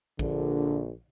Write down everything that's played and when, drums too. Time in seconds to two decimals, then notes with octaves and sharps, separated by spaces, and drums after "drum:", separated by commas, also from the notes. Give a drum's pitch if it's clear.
0.19 A#1 D3, drum: kick